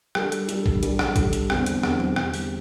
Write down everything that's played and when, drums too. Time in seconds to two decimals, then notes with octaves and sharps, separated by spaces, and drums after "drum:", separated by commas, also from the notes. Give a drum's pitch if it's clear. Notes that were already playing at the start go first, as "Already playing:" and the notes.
0.15 G3 D4 A4, drum: rim click
0.32 drum: hi-hat
0.49 G3 D4 A4, drum: hi-hat
0.66 drum: kick
0.83 G3 D4 A4, drum: hi-hat
0.99 drum: rim click
1.16 G3 D4 A4, drum: kick, hi-hat
1.33 drum: hi-hat
1.50 E2 D3 G3 C4, drum: rim click
1.66 drum: hi-hat
1.83 E2 D3 G3 C4, drum: rim click
2.00 drum: tom F#3
2.16 E2 D3 G3 C4, drum: rim click
2.34 drum: open hi-hat